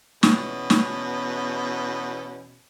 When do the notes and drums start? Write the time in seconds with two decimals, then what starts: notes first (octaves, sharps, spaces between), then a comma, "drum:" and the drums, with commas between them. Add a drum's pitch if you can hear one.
0.23 E2 B2 C#4, drum: snare
0.70 drum: snare